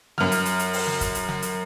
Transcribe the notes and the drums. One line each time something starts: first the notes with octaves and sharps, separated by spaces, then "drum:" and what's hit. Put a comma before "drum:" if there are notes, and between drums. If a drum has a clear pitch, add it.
F#2 F6, drum: snare
drum: hi-hat
drum: hi-hat
drum: hi-hat
drum: open hi-hat
drum: snare
drum: kick, hi-hat
drum: hi-hat
drum: snare
drum: hi-hat